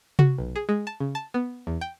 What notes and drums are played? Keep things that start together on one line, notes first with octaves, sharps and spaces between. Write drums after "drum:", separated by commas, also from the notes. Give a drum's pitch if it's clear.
F#4, drum: tom C3
B1
G#4
G#3
A5
C#3
A5
B3
E2
G5